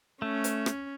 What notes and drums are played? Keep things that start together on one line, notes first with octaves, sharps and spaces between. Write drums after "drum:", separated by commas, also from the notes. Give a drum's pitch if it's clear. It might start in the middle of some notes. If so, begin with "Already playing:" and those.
A3 C#4
drum: hi-hat
drum: rim click